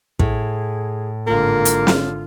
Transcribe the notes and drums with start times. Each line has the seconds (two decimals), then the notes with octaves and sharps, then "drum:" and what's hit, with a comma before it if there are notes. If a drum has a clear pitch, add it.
0.19 A2 G#4, drum: kick
1.27 G#1 D3 A#3 F4
1.65 drum: hi-hat
1.87 drum: snare